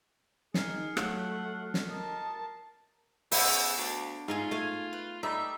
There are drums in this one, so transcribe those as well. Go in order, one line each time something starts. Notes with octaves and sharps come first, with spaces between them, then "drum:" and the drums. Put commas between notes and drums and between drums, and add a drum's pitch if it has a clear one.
D#3 D#4 G#4 F6 C7 C#7, drum: snare
F#3 A3 F4 F#5, drum: rim click
drum: snare
A#4 D#5 A5
C#3 B3 F#4 C5 E5, drum: open hi-hat
D2 D4 F5
G#2 A3 D#4 F4 G#4
A3 F5 G#5
B4
G3 D#4 A4 B4 E5